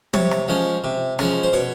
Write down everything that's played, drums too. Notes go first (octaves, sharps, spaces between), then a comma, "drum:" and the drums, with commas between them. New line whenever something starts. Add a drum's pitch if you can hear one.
C3 C#5, drum: tom
drum: rim click
F3 G#3 C#4
C3
F3 G#3 C#4, drum: rim click
C5
B2 C#5